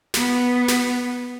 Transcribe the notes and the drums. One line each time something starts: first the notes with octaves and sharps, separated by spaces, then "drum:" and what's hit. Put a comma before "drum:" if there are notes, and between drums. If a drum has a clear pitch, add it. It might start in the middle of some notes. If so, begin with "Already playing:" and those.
B3, drum: snare
drum: snare